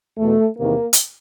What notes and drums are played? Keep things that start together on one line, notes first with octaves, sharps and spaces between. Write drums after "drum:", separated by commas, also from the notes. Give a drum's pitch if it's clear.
E2 B2 A3
E2 C3 D#3 A#3
drum: hi-hat